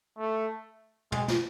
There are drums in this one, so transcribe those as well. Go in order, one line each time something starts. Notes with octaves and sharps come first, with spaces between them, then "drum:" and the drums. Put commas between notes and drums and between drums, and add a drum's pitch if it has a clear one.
A3
G#3, drum: tom
drum: snare